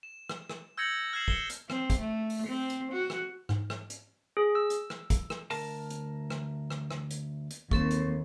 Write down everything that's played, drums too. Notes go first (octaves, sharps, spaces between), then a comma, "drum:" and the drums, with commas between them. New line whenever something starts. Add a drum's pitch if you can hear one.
E7
drum: rim click
drum: rim click
E6 G6 G#6 A#6 C#7 F#7
F6 G#6 C7 E7 F#7
C#7 E7 G7, drum: kick
drum: hi-hat
C4, drum: rim click
drum: kick, hi-hat
A3
drum: open hi-hat
C4
drum: hi-hat
F#4
drum: rim click
G#2, drum: rim click
drum: rim click
drum: hi-hat
G#4
E6
drum: hi-hat
drum: rim click
drum: kick, hi-hat
drum: rim click
D2 A#4 A5, drum: open hi-hat
drum: hi-hat
drum: rim click
drum: rim click
drum: rim click
drum: hi-hat
drum: hi-hat
D#2 C4 A4 C#6, drum: kick
drum: hi-hat